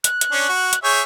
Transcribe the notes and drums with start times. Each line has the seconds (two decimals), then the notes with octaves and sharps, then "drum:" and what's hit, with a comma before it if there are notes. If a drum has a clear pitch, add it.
0.04 F#6, drum: hi-hat
0.21 drum: hi-hat
0.32 C#4 D4
0.49 F#4
0.73 drum: hi-hat
0.84 G#4 C#5 E5 G6